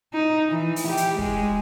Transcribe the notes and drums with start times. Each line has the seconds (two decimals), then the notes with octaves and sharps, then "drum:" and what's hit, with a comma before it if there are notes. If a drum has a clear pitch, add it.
0.13 D#4
0.49 E3
0.76 drum: open hi-hat
0.88 G4
0.97 drum: hi-hat
1.18 G#3, drum: kick